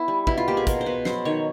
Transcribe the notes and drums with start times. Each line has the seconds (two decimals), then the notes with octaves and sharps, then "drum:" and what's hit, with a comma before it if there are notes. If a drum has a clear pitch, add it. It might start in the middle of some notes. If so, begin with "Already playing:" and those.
Already playing: B3 E4
0.08 G3
0.27 B2 E4, drum: kick
0.38 F4
0.48 A#3 G4
0.57 G#4
0.67 B2 A#4, drum: kick, hi-hat
0.81 C5
0.86 B2 B4
1.05 F#3 C5, drum: snare
1.25 D#3 C#5